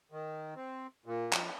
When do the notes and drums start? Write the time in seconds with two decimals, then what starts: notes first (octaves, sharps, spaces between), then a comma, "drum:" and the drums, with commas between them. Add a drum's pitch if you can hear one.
0.12 D#3
0.56 C4
1.06 A#2
1.33 F3, drum: clap